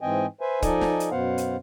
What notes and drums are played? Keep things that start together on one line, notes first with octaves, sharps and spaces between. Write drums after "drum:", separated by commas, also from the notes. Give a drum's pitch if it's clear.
G#2 E3 C4 D#5 G5 G#5
B4 C5 E5 G#5
F3 D#4 A4 D5 D#5 G#5, drum: kick, hi-hat
drum: snare
drum: hi-hat
F#2 B2 B3 C5 F5 F#5
drum: hi-hat